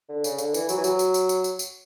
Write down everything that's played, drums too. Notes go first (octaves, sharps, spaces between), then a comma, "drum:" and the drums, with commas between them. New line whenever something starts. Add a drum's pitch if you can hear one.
D3
C#3, drum: tambourine
D3, drum: tambourine
E3, drum: tambourine
F#3, drum: tambourine
E3
F#3, drum: tambourine
drum: tambourine
drum: tambourine
drum: tambourine
drum: tambourine
drum: tambourine